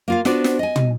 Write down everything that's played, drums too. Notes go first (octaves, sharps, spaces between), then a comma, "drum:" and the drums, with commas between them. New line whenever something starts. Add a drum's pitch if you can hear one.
A#3 F4 F5
B3 D4 F4 F#4 C5 D5, drum: snare
drum: snare
D#5 G#5
drum: tom